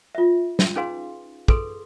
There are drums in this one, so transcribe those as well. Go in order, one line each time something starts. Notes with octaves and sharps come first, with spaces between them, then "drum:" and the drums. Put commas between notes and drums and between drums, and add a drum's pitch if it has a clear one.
F4 E5
drum: snare
C#4 D#4 G#4 B4 F5 C6
G#4 A4 B4 C6, drum: kick